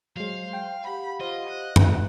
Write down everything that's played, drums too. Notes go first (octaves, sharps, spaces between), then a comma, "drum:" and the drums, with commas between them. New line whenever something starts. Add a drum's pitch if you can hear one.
F#3 G#3 C5 F5
G5
G4 F5 F#5 B5
F4 C5 D#5
F#6
drum: tom F#2